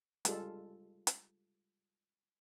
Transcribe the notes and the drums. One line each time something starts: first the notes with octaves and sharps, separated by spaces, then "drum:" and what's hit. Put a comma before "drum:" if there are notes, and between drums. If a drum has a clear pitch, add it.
G3 G#3 F4 A4, drum: hi-hat
drum: hi-hat